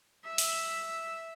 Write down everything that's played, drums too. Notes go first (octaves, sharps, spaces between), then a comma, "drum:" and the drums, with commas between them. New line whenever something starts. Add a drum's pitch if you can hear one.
E5
drum: open hi-hat